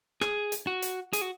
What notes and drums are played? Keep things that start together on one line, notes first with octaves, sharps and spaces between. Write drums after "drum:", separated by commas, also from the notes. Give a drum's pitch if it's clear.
G#4, drum: rim click
drum: hi-hat
F#4
drum: hi-hat
G#4, drum: hi-hat
F#4